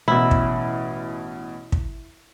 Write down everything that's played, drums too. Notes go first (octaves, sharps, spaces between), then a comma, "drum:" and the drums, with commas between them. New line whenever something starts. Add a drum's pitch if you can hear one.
A1 B2 E4
drum: kick
drum: kick